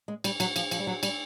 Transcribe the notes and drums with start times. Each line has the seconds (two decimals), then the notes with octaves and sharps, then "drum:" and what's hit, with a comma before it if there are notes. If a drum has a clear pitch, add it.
0.08 G#3
0.24 G3, drum: cymbal
0.40 F#3, drum: cymbal
0.56 F3, drum: cymbal
0.71 F3, drum: cymbal
0.79 G3
0.87 F#3
1.03 G3, drum: cymbal